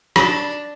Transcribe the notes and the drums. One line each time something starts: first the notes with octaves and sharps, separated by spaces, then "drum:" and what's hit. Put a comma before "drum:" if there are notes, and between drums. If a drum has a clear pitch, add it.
D4, drum: rim click